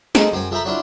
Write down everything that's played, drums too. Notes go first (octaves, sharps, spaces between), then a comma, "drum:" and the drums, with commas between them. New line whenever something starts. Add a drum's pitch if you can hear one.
D#4 G#4 A4 C5, drum: snare
F#2 C5 G5 G#5
F3 A4 E5 G5 A#5 B5
F#3 C4 D4 E4 F4